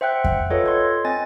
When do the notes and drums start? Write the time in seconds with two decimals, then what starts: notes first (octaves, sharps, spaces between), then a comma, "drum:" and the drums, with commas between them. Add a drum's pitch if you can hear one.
0.01 C5 E5 F#5 G5 F#6 G6
0.24 F#5, drum: kick F2
0.50 F4 A4 B4 C#5 D#5
0.66 C6 G#6
1.05 C4 D#5 G#5 A6